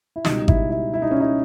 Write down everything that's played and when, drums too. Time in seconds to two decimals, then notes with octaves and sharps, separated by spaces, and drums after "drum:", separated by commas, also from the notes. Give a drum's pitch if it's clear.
0.16 E4
0.25 C#2 B2 G3 D#4, drum: snare
0.48 E4, drum: kick G#1
0.71 E4
0.94 E4
1.02 D#4
1.11 C#4
1.20 D#4